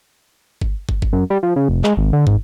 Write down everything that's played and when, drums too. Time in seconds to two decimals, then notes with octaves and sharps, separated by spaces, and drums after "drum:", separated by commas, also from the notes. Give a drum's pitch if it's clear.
0.61 drum: kick
0.89 drum: kick
1.02 drum: kick
1.13 F#2
1.30 G3
1.43 F3
1.56 C#3
1.69 F1
1.84 G#3, drum: clap
1.97 G#1
2.13 D3
2.27 G#2, drum: kick